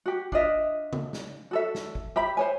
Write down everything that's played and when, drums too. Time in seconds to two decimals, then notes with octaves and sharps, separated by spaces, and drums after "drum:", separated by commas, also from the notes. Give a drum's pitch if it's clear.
0.06 F#4 G4
0.32 D4 F4 D#5 E5, drum: kick
0.93 drum: tom C#3
1.13 drum: snare
1.51 F#4 A4 E5
1.75 drum: snare
1.95 drum: kick
2.16 G4 E5 B5
2.37 C5 C#5 G#5